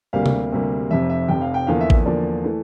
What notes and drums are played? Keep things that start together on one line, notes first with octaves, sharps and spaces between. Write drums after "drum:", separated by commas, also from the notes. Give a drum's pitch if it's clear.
D2 C3 G3 A#3 F5
drum: tom C3
D2 C3 G3 A#3
F1 F2 C3 E5
E5
F1 F2 C3 G5
F5
G5
E2 D3 F3 A#3 F5
E5
drum: kick A1
E2 D3 F3 A#3 D5
E3 A3